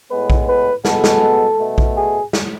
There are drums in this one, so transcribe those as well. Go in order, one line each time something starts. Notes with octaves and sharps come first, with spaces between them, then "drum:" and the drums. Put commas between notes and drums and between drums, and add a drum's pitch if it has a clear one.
A2 G#3 B3 B4
drum: kick A#1
B4
B2 G#3 B3 A4, drum: snare
drum: snare
B2 A3
drum: kick A#1
G#4
drum: snare